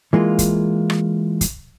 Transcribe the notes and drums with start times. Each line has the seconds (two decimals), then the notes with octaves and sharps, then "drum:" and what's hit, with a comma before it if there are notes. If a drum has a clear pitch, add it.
0.13 E3 G#3 A#3 F4
0.39 drum: kick, hi-hat
0.90 drum: rim click
1.41 drum: kick, hi-hat